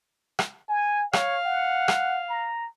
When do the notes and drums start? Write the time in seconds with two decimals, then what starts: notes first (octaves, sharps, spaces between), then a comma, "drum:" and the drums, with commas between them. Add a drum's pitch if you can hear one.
0.39 drum: rim click
0.69 G#5
1.13 C#5 F5, drum: rim click
1.45 F#5
1.88 drum: rim click
2.29 A#5